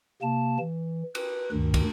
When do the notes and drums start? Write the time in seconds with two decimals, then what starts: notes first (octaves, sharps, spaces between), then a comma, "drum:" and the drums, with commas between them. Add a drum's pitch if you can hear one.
0.22 C3 A#3 A5
0.59 E3
1.15 B4, drum: cymbal
1.52 D2 G2 D#3
1.74 drum: kick, cymbal